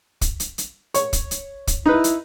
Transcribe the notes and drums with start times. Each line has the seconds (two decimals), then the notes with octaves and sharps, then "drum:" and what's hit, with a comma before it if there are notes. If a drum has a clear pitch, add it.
0.21 drum: kick, hi-hat
0.40 drum: hi-hat
0.58 drum: hi-hat
0.94 C#5, drum: hi-hat
1.13 drum: kick, hi-hat
1.31 drum: hi-hat
1.67 drum: kick, hi-hat
1.86 D#4 E4 B4
2.04 drum: hi-hat